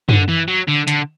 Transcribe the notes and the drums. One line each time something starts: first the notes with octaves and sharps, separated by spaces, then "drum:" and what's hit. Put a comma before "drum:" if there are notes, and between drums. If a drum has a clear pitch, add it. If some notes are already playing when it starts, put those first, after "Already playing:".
D3, drum: tom F#2
E3
F#3
D3
D3, drum: hi-hat